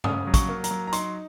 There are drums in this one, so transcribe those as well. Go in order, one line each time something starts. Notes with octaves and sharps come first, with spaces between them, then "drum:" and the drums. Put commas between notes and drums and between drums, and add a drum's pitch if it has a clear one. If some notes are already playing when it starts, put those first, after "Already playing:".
C#3 D#6, drum: tom G2
F#3
C#6, drum: kick, hi-hat
A#3
A#5, drum: hi-hat
F#3
A#5
D#4 C6, drum: hi-hat